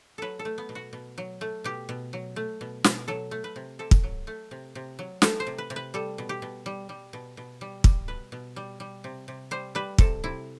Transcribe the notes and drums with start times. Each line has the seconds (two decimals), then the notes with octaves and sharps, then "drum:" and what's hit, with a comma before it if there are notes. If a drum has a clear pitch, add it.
0.18 F#3 A4 B4
0.39 A4
0.45 A3
0.58 B3
0.69 B2
0.75 F#4
0.93 B2
1.18 F#3
1.41 A3
1.64 B2 G4
1.89 B2
2.13 F#3
2.36 A3
2.61 B2
2.84 B2, drum: snare
3.08 F#3 A4
3.31 A3
3.44 B4
3.56 C3
3.79 C3 A4
3.91 drum: kick
4.03 F#3
4.27 A3
4.51 C3
4.75 C3
4.99 F#3
5.22 A3 A4, drum: snare
5.40 C5
5.47 C3
5.58 B4
5.70 C3
5.76 B4
5.94 G3 A4
6.18 B2
6.29 G4
6.42 B2
6.66 G3
6.89 G3
7.13 B2
7.37 B2
7.61 G3
7.84 G3, drum: kick
8.08 B2 B4
8.32 B2
8.56 G3
8.80 G3
9.04 C3
9.28 C3
9.51 G3 C5
9.75 G3 B4
9.98 C3 A4, drum: kick
10.24 C3 E4